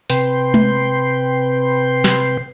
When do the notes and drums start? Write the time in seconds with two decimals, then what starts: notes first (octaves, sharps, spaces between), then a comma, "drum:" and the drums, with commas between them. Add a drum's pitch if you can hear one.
0.10 C3 B4 G5 C6, drum: hi-hat
0.54 drum: tom G#3
2.04 drum: snare